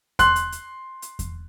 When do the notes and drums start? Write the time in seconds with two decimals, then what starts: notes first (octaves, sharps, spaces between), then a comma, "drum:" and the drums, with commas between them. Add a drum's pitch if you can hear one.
0.19 C6 F#6, drum: kick E2, hi-hat
0.36 drum: hi-hat
0.52 drum: hi-hat
1.02 drum: hi-hat
1.19 drum: kick E2, hi-hat